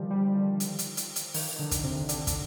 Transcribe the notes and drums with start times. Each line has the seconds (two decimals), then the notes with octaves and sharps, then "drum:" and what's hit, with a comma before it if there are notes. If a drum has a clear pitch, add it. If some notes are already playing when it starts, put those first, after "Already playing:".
Already playing: D3 D#3 F3 G3
0.11 G3
0.35 F3
0.60 drum: hi-hat
0.79 drum: hi-hat
0.97 drum: hi-hat
1.16 drum: hi-hat
1.34 D#3, drum: open hi-hat
1.59 D3
1.71 drum: kick, hi-hat
1.83 C3
2.09 D3, drum: hi-hat
2.27 drum: kick, hi-hat